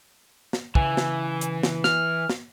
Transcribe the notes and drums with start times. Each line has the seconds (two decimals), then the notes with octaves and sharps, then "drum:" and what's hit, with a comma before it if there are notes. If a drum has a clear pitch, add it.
0.53 drum: snare
0.75 C#3 E3 G#5, drum: kick
0.97 drum: snare
1.41 drum: hi-hat
1.63 drum: snare
1.84 F6, drum: snare
2.29 drum: snare